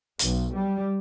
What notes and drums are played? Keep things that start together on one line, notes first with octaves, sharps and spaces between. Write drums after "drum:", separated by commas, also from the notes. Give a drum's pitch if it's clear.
B1, drum: hi-hat
G3